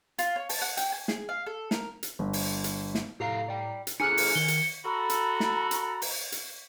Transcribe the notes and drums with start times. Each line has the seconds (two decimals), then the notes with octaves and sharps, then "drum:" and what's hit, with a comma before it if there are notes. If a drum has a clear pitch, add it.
0.18 F4, drum: hi-hat
0.36 C#5
0.49 A5, drum: open hi-hat
0.62 F#5
0.77 G5, drum: hi-hat
0.92 G#5
1.08 G#4, drum: snare
1.29 F5
1.46 A4
1.71 A#4, drum: snare
2.03 drum: hi-hat
2.19 G1
2.33 drum: open hi-hat
2.64 drum: hi-hat
2.95 drum: snare
3.20 A2 G4 A4 F5 A#5 C7
3.48 D5 G5
3.87 drum: hi-hat
4.00 D#4 G#4 A4 G#5 F6 F#6 C#7
4.17 drum: open hi-hat
4.35 D#3 G7
4.48 drum: hi-hat
4.85 F#4 A4 A#5 B5
5.10 drum: hi-hat
5.40 drum: snare
5.71 drum: hi-hat
6.02 drum: open hi-hat
6.32 drum: hi-hat